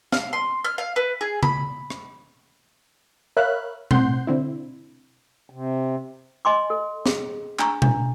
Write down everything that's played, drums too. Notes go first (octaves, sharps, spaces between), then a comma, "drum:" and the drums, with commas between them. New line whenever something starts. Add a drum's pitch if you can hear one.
F5, drum: snare
C6
F6
F5
B4
G#4
B5, drum: tom C#3
drum: rim click
A#4 C#5 E5 F5 B5 F#6
A2 C4 F#5 C6 G6, drum: tom B2
D3 C4 E4
C3
D#5 G#5 C6 D6
A4
G#4, drum: snare
D4 A#5 C#6, drum: clap
D4, drum: tom B2